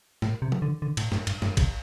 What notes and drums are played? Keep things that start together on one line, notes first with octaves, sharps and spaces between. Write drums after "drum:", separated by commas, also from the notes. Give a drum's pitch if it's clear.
A2, drum: snare
C3
drum: tom F3
D3
D3
A2, drum: cymbal
G2, drum: snare
G2, drum: cymbal
G2, drum: snare
drum: kick A#1, cymbal